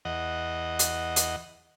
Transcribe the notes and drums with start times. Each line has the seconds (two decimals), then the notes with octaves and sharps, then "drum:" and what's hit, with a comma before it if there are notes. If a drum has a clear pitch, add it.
0.05 E2 D#5 F#5
0.79 drum: hi-hat
1.16 drum: hi-hat